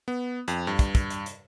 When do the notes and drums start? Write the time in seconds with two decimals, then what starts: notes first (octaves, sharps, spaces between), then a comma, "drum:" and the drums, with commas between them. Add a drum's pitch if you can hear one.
0.08 B3
0.48 F2, drum: hi-hat
0.67 G2
0.79 drum: kick, hi-hat
0.95 drum: kick, hi-hat
1.10 drum: hi-hat
1.26 drum: hi-hat